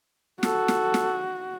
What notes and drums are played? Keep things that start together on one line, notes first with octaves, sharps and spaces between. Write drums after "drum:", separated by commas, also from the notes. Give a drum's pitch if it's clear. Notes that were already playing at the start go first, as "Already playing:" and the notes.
F#4 A4, drum: snare
drum: snare
drum: snare